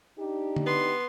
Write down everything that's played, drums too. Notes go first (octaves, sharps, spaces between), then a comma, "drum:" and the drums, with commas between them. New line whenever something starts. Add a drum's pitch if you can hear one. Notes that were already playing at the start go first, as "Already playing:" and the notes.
D4 D#4 G4
drum: tom D3
B3 C6